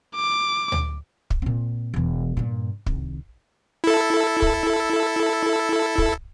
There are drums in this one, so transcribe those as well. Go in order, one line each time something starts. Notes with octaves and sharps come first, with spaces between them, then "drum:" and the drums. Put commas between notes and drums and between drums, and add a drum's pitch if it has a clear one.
D6
drum: tom D2
drum: kick
A#2 C4
E1 E3
G2 A#2
C2 D#3, drum: kick
E4 A4
drum: kick
drum: kick